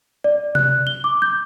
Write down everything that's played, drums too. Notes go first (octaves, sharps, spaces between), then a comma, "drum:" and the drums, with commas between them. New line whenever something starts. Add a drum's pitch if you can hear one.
D5
F#6, drum: tom C3
G7
D6
G6